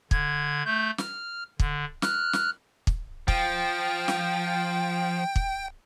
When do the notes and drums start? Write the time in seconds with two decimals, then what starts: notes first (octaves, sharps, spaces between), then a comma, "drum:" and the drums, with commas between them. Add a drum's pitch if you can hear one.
0.11 D3 G#6, drum: kick
0.65 A3 G6
0.98 F6, drum: snare
1.60 D3, drum: kick
2.02 F6 F#6, drum: snare
2.33 drum: snare
2.87 drum: kick
3.28 F3 G5, drum: kick
4.08 drum: snare
5.36 drum: kick